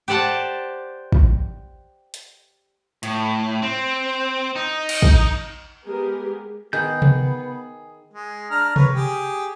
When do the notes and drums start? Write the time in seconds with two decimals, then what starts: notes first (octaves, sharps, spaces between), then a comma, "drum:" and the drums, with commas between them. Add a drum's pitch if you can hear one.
0.08 G4 C5 D5 F#5 A5
1.12 drum: kick
2.14 drum: hi-hat
3.03 A2, drum: hi-hat
3.62 C4
4.56 D#4
4.89 drum: cymbal
5.02 drum: kick
5.85 G#3 B3 G4 G#4 A#4
6.73 D#3 B3 G#4 F#6 G6
7.02 drum: tom C3
8.12 G#3
8.50 D4 A#5 F6
8.76 A#4 B4 C#5, drum: tom C3
8.94 G4 G#4